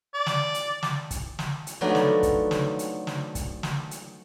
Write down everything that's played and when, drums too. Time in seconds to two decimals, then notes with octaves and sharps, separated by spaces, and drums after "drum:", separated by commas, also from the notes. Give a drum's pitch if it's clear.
0.14 D5
0.26 drum: snare
0.54 drum: hi-hat
0.83 drum: snare
1.11 drum: kick, hi-hat
1.39 drum: snare
1.67 drum: hi-hat
1.81 F3 F#3 A3 B3 D4 D#4
1.95 drum: snare
2.23 drum: kick, hi-hat
2.51 drum: snare
2.79 drum: hi-hat
3.07 drum: snare
3.35 drum: kick, hi-hat
3.63 drum: snare
3.91 drum: hi-hat